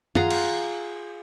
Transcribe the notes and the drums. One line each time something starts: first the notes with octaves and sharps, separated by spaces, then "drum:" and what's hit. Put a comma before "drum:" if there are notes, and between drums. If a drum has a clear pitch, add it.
F4 G#4 F#5 A#5, drum: tom
drum: cymbal